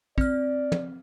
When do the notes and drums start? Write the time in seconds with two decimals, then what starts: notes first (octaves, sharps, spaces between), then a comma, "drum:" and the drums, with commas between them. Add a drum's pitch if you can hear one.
0.18 C4 D5 F6, drum: kick
0.72 drum: tom